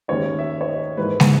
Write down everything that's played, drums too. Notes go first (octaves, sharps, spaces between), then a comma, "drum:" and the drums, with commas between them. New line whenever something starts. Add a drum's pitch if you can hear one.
D#2 D#3 G#3 C#4 C#5
E5
C#5
D#5
G#2 E3 A#3 D#4 B4
drum: snare